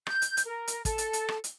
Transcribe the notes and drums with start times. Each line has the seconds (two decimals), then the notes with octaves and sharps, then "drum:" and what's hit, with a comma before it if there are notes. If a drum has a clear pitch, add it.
0.07 G6, drum: rim click
0.22 drum: hi-hat
0.37 drum: hi-hat
0.47 A#4
0.68 drum: hi-hat
0.85 A4, drum: kick, hi-hat
0.98 drum: hi-hat
1.13 drum: hi-hat
1.29 drum: rim click
1.44 drum: hi-hat